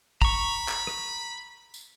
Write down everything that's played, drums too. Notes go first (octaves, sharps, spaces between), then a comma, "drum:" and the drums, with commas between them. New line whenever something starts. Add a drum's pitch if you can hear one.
A#5 B5 C#6, drum: kick
drum: clap
drum: rim click
drum: tambourine